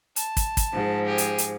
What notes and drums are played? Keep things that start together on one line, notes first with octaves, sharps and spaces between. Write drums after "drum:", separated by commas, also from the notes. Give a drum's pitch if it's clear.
A5, drum: hi-hat
drum: kick, hi-hat
drum: kick, hi-hat
G#2 F3
G4 G#4
drum: hi-hat
drum: hi-hat